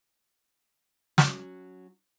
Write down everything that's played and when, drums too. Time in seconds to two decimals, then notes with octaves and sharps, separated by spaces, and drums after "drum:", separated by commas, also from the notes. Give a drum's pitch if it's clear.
1.18 F#3 C#4 F#4, drum: snare